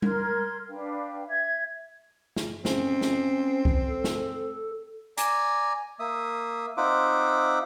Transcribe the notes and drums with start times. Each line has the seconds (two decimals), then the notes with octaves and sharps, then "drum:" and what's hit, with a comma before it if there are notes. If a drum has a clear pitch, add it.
0.02 A#4 C6 F6 G#6, drum: tom G3
0.68 D4 B4 F5 G5
1.27 E5 G#6
2.36 drum: snare
2.65 C4 C#4, drum: snare
3.01 drum: snare
3.65 drum: kick C2
3.89 A4
4.04 drum: snare
5.18 D5 G#5 A#5, drum: hi-hat
6.00 A#3 E5 D#6
6.77 C4 D#4 F4 E5 F#5 D6